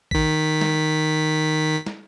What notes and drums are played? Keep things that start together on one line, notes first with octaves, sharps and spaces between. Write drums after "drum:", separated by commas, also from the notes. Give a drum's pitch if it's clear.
D#3 B6, drum: kick A1
drum: snare
drum: snare